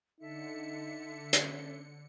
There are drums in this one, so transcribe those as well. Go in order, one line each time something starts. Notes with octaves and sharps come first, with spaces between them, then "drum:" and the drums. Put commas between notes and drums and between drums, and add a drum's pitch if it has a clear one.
D3 D#4 A4 E5 C#7
C#4, drum: hi-hat